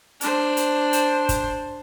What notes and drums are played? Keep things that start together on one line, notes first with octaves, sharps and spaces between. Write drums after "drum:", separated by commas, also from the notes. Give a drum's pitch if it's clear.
D4 C5, drum: hi-hat
drum: hi-hat
drum: hi-hat
drum: kick, hi-hat